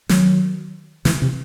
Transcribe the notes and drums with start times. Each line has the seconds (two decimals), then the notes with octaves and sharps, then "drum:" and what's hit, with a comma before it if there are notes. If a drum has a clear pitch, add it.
0.09 D#3 F#3, drum: snare
1.05 C#3 E3, drum: snare
1.22 C3